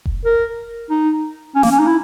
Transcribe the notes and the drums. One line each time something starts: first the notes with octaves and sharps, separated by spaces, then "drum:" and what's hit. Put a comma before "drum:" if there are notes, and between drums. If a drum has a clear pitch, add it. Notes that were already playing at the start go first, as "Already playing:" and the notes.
drum: kick F1
A#4
D#4
C#4
A#3, drum: snare
C#4
D#4
E4